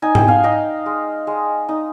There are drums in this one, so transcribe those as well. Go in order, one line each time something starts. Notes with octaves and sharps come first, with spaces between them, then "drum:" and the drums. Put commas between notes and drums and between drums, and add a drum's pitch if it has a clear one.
D#4 G#5
G5, drum: tom G#2
F5 G#5
D#4 D#5 G5
G#3
G#3
D#4